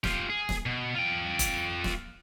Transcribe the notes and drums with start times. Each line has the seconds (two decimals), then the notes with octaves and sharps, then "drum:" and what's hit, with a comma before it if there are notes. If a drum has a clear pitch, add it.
0.04 F4 G4, drum: snare
0.30 G#4
0.49 drum: snare
0.66 B2
0.95 F4 G5
1.39 drum: kick, hi-hat
1.84 drum: snare